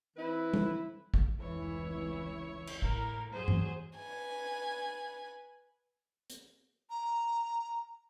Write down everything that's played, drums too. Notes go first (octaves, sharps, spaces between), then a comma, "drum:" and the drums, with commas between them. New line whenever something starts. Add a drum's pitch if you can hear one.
E3 C4 E4 B4
drum: tom G3
drum: kick
F1 C#2 E3 E4 C#5
drum: cymbal
A2 A#4, drum: kick
G2 F#3 G#4 C5
drum: tom G2
B4 G#5
drum: hi-hat
A#5